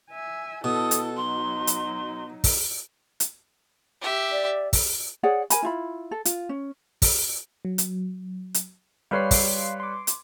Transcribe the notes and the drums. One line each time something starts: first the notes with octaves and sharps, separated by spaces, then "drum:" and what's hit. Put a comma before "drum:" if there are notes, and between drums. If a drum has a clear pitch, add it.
E5 G#5
B2 E4 A4 D#6
drum: hi-hat
F#3 D#4 C6
drum: hi-hat
drum: kick, open hi-hat
drum: hi-hat
G4 E5
D5
drum: kick, open hi-hat
G#4 C#5 D5 F#5
A#4 G#5 B5, drum: hi-hat
E4 F4 B5
A4
F4, drum: hi-hat
C#4
drum: kick, open hi-hat
F#3
drum: hi-hat
drum: hi-hat
G3 B4 C#5 F5 C6 C7
drum: kick, open hi-hat
C6 D6
drum: hi-hat